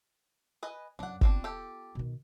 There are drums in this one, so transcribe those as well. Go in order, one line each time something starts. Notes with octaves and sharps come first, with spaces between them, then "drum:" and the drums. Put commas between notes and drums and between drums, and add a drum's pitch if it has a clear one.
B4 D#5 G#5
F#2 F#3 D4 F#5
G3 B3 C4 D4 F4, drum: kick G1
G4 A4
B2 D#3